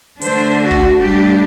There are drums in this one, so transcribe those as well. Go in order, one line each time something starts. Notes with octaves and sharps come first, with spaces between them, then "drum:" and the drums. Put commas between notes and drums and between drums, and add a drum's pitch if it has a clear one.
D3 A3 D4 C5, drum: hi-hat
F#4
drum: kick
A2 G3 D4 G4